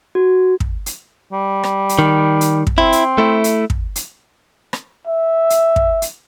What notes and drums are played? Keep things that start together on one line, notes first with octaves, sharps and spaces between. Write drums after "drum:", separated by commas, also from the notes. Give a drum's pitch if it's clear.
F#4
drum: kick
drum: hi-hat
G3
drum: rim click
drum: hi-hat
D#3
drum: hi-hat
drum: kick
C4 E4
drum: hi-hat
A3 E4
drum: hi-hat
drum: kick
drum: hi-hat
drum: rim click
E5
drum: hi-hat
drum: kick
drum: hi-hat